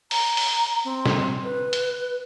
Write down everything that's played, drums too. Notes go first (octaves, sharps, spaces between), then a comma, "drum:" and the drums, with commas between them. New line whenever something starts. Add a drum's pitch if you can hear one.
A#5, drum: open hi-hat
drum: open hi-hat
C4
drum: snare
B4
drum: hi-hat